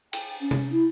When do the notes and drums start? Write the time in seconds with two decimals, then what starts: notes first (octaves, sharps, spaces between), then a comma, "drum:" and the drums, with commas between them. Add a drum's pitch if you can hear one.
0.13 G5, drum: cymbal
0.41 C#4
0.51 drum: tom C3
0.72 E4